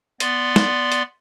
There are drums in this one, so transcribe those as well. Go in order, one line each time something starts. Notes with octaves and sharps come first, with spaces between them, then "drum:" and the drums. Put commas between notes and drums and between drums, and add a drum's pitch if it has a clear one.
B3 D5 C6, drum: hi-hat
drum: snare
drum: hi-hat